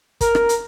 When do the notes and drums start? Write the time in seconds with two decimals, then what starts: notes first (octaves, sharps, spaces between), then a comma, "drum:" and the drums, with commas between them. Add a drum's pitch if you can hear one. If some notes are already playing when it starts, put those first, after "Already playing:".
0.21 A#4, drum: kick, hi-hat
0.35 drum: rim click
0.49 drum: hi-hat